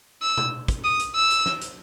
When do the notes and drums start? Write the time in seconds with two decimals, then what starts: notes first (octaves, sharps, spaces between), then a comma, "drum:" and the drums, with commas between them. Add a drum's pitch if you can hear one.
0.22 E6
0.37 drum: tom B2
0.68 drum: kick, hi-hat
0.84 D#6
0.99 drum: hi-hat
1.15 E6
1.30 drum: hi-hat
1.46 drum: snare
1.61 drum: hi-hat